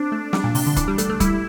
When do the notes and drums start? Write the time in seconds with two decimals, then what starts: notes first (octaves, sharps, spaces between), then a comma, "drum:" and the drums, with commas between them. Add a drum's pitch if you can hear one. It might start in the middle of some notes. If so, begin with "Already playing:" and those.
Already playing: C4 D4
0.12 A3
0.33 G3, drum: snare
0.44 A#2
0.55 C3, drum: open hi-hat
0.66 D3
0.76 E3, drum: kick, hi-hat
0.88 G3
0.98 A3, drum: hi-hat
1.10 A3
1.20 G3 E4, drum: kick, hi-hat